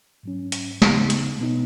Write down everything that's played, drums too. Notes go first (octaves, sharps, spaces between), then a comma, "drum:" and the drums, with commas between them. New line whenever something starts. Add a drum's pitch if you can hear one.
G#2 F#3 C#4
drum: hi-hat
D#2 C#3 B3 D#4, drum: snare
drum: hi-hat
B2 B3 D#4